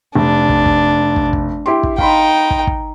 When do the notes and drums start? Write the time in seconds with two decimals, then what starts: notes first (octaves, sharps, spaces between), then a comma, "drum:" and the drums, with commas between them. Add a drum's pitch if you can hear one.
0.15 F1 D4
0.49 drum: kick
0.66 drum: kick
1.16 drum: kick
1.33 drum: kick
1.66 E4 G4 C6
1.83 drum: kick
1.98 D#4 F5 G5 B5 C6, drum: kick
2.50 drum: kick
2.67 drum: kick